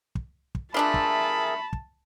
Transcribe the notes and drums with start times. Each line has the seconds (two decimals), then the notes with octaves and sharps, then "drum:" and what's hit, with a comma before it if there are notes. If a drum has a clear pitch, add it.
0.15 drum: kick
0.55 drum: kick
0.74 A3 D4 F4 G#4 A#4 E5 A5 B5
0.94 drum: kick
1.73 drum: kick